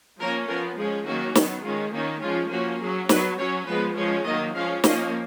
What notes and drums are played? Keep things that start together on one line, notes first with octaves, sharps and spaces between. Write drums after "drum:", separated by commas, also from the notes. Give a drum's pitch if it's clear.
F3 A#3 C#4 A#4
F3 B3 A#4
F3 G#3 C#4 G#4
D#3 F#3 A#3 C#4 F#4
D#3 F#3 B3, drum: snare
D#3 G#3 C#4 F4
D#3 A#3 C#4 D#4
F3 G#3 C#4 F4
F3 A#3 C#4 F#4
F#3 C#4 G#4
F#3 B3 B4, drum: snare
F#3 C#4 C#5
F3 G#3 B3 B4
F3 G#3 C#4 C#5
D#3 F#3 A#3 D#5
F3 G#3 C#4 F5
F3 A#3 C#4 D#5, drum: snare